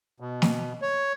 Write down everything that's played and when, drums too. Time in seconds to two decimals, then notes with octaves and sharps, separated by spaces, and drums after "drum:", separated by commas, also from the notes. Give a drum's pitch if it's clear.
0.20 B2
0.42 drum: snare
0.82 C#5